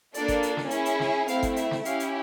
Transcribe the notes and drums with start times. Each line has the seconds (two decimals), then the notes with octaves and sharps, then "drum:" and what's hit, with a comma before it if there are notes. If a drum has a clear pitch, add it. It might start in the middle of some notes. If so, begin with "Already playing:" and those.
0.14 A#3 D4 F4 A4 D5, drum: hi-hat
0.28 drum: kick G1, hi-hat
0.43 drum: hi-hat
0.57 drum: snare
0.71 C#4 E4 G#4, drum: hi-hat
0.85 drum: hi-hat
1.00 drum: snare
1.28 A3 C4 E4 F5, drum: hi-hat
1.43 drum: kick G1, hi-hat
1.56 E5, drum: hi-hat
1.71 drum: snare
1.85 C#4 E4 G4 F5, drum: hi-hat
2.00 drum: hi-hat